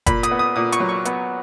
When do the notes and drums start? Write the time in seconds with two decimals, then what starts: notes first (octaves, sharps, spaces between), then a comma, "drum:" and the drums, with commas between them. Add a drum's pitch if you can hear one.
0.06 A#2 B5, drum: kick F#1, hi-hat
0.23 D#6, drum: hi-hat
0.31 B3
0.39 D#6
0.56 A#2 D#6
0.72 C#6, drum: hi-hat
0.80 F#3
0.89 C#6
1.05 B3, drum: hi-hat